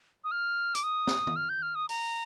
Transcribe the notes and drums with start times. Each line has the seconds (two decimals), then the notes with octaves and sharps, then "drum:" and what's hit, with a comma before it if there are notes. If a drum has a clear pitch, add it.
0.24 D#6
0.31 F6
0.75 D6, drum: hi-hat
0.83 D#6
1.07 drum: snare
1.27 drum: tom D#3
1.36 F6
1.49 G6
1.62 F6
1.75 D#6
1.89 A#5, drum: open hi-hat